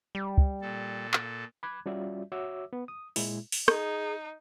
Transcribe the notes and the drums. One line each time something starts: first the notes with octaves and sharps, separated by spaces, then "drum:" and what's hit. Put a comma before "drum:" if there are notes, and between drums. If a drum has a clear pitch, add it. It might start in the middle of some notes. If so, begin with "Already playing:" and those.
G3
drum: kick
A#2 A4
drum: clap
B5 D6 F#6 G#6
G3 C#4 F4 F#4 D5 E5
F#4 C#5 E5 D6 E6
B3
D#6
A#2 G#3 E4, drum: open hi-hat
drum: open hi-hat
D#4 G#4, drum: rim click